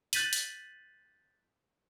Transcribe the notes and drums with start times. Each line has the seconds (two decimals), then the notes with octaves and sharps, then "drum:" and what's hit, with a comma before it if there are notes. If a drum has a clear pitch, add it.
0.13 F#6 G6 A6 B6 D#7 F#7, drum: hi-hat
0.33 drum: hi-hat